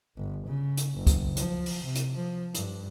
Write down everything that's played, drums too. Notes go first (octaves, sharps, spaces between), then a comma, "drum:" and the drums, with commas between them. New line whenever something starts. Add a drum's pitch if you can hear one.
G1
C#3
drum: hi-hat
F#1
drum: kick, hi-hat
F3, drum: hi-hat
drum: open hi-hat
C3
drum: hi-hat
F3
G2, drum: hi-hat